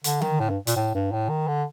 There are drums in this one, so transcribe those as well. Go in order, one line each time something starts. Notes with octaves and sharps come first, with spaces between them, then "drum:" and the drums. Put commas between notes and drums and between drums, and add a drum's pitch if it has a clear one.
D3, drum: hi-hat
D#3, drum: tom D3
A2
G2
A#2, drum: hi-hat
A2
G2
A2
D#3
D3